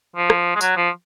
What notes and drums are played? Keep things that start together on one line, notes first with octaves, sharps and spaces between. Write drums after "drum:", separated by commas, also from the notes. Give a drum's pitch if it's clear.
F3
drum: rim click
G#3
F#3, drum: tambourine
F3